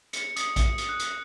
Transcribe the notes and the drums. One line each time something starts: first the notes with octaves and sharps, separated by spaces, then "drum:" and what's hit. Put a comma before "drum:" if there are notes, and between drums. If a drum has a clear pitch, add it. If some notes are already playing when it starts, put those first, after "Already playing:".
C#7, drum: hi-hat
D#6, drum: hi-hat
drum: kick A#1, hi-hat
drum: hi-hat
F#6
drum: hi-hat